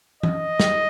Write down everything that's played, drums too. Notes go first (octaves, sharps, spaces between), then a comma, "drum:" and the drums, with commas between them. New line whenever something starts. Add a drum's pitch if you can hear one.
D#5, drum: tom E3
drum: snare